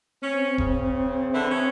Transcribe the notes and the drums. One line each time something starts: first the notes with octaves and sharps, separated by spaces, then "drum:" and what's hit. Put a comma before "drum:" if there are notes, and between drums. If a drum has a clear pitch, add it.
C4 C#4
C#3, drum: kick D#1
D3 E3 E4
C#4 G#4